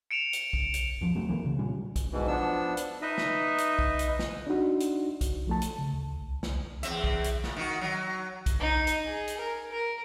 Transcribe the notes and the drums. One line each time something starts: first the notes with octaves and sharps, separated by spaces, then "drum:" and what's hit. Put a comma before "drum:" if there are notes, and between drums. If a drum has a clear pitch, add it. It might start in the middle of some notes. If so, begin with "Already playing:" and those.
C#7 D7 E7 F7
drum: hi-hat
drum: kick B1
drum: hi-hat
D#1 F3
F#1 F#3 A3
C#2 E3 G#3 A#3
C#3
A#2 F#3 G3 C#4
drum: kick B1, hi-hat
G#2 B2 E3
F3 B3 D4 E6
drum: hi-hat
D#4 B4 D#5 E5
drum: snare
drum: hi-hat
drum: kick B1
drum: hi-hat
drum: snare
D4 D#4 F#4
drum: hi-hat
drum: kick B1, hi-hat
F3 A3 A5
drum: hi-hat
C#3
D2
D2
C2
C#2, drum: snare
C2
E2 C4 E5, drum: hi-hat
drum: kick B1
drum: hi-hat
A#2, drum: snare
D#3 F#4
F#3
drum: kick B1, hi-hat
D#4
drum: hi-hat
G#4
drum: hi-hat
A#4
A#4